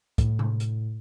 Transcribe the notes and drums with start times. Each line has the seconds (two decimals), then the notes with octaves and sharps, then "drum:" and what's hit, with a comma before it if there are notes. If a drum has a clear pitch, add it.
0.18 A2, drum: kick, hi-hat
0.39 drum: tom C3
0.60 drum: hi-hat